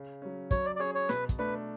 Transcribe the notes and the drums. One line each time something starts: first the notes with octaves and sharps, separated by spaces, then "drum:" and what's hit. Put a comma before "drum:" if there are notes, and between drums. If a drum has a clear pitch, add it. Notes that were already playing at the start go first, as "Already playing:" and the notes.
Already playing: C#3
F#3 C#4
F#3 C#5, drum: kick, hi-hat
D5
D5
C#4 G#4 C#5
C#5
B2 B4, drum: snare
drum: kick, hi-hat
A3 D4 B4